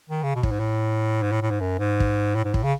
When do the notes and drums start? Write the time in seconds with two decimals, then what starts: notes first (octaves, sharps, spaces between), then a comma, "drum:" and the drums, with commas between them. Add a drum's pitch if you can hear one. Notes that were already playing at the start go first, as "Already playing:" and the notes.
0.10 D#3
0.23 C#3
0.35 B2
0.43 A2, drum: kick
0.51 G#2
0.60 A2
1.23 G#2
1.32 A2
1.42 A2
1.51 G#2
1.60 F#2
1.79 G#2
2.00 drum: kick
2.35 A2
2.45 G#2
2.54 A2, drum: kick
2.63 C#3